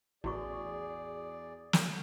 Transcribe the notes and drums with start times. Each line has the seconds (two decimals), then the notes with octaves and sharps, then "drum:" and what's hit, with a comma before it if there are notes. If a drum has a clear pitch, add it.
0.24 A1 E2 E4 F#4 G#4 D5 C#6
1.73 drum: snare